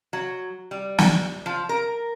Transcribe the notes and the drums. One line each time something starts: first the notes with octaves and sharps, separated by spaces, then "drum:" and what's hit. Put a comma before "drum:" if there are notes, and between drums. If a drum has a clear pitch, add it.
F#3
G3
drum: snare
F3
A#4